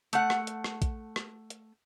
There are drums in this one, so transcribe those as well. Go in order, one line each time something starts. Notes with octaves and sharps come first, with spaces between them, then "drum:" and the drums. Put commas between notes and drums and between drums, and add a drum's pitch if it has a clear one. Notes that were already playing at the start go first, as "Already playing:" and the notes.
A3 F#5, drum: hi-hat
drum: rim click
drum: hi-hat
drum: rim click
drum: kick A#1, hi-hat
drum: rim click
drum: hi-hat